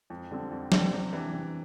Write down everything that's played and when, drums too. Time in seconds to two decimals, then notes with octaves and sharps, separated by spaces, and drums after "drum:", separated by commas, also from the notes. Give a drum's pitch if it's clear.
0.10 F2
0.31 D3 G3 C4
0.51 F2
0.72 D3 G3 C4, drum: snare
0.92 C3
1.13 E3 G3 D4
1.33 C3